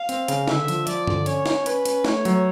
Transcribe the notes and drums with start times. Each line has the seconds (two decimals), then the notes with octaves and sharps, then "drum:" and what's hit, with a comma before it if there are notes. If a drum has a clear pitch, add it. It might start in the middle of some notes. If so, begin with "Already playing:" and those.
Already playing: F5
0.09 C4, drum: hi-hat
0.28 C#3, drum: hi-hat
0.48 D3 E5, drum: snare
0.68 F3, drum: hi-hat
0.87 F3 D5, drum: hi-hat
1.07 D3, drum: tom G2
1.26 C#4 C#5, drum: hi-hat
1.46 C#4, drum: snare
1.66 C#4 B4, drum: hi-hat
1.85 C#4, drum: hi-hat
2.04 A3 C#5, drum: snare
2.25 F#3, drum: hi-hat